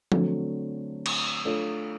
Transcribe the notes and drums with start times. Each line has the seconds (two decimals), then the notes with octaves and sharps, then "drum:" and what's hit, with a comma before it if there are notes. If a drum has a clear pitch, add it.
0.12 D3 F#3 A3 C4, drum: tom F3
1.06 drum: cymbal
1.45 A3 D4 F4 A4 C#5